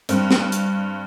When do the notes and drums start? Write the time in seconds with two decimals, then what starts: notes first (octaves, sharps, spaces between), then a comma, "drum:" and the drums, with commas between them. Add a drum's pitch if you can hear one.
0.09 G2 C4, drum: hi-hat
0.31 drum: snare
0.52 drum: hi-hat